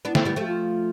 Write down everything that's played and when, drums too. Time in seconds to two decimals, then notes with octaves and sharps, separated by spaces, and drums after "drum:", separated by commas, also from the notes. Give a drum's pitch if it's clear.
0.05 B3 D4 E4
0.15 A3 C4, drum: snare
0.25 G3 B3
0.36 F3 A3 G4
0.47 F4